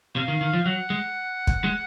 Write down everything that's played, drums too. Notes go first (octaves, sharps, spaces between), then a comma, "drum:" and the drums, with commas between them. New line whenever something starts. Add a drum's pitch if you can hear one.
C3 F5
D#3
D#3
F3
F#3 F#5
G#3
drum: kick
G#3